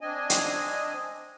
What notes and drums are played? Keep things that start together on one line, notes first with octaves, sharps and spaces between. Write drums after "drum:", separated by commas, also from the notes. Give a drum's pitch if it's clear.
C4 D4 D#5 G#5
drum: hi-hat